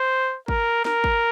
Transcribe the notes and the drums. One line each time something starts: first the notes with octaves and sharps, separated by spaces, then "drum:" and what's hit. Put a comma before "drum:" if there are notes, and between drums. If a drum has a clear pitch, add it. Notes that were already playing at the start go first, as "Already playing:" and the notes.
Already playing: C5
A#4, drum: kick
A#4, drum: snare
drum: kick